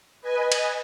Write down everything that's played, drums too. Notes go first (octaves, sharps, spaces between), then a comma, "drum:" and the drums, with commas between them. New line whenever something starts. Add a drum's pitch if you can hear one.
B4 D#5 G#5
drum: cymbal